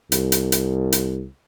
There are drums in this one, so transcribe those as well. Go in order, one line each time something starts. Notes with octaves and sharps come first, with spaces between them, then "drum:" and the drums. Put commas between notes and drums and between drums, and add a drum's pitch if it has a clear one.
C2, drum: hi-hat
drum: hi-hat
drum: hi-hat
drum: hi-hat